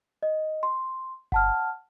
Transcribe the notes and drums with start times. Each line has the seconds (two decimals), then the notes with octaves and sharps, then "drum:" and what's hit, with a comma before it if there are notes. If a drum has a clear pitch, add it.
0.23 D#5
0.63 C6
1.32 F#5 A5 F6, drum: kick G1